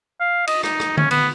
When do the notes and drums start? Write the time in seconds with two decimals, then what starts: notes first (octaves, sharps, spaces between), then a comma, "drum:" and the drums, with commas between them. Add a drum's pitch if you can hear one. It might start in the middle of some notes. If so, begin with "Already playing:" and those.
0.20 F5
0.47 D#5, drum: cymbal
0.63 D#4, drum: rim click
0.80 drum: rim click
0.97 C#4, drum: tom D3
1.11 B3, drum: cymbal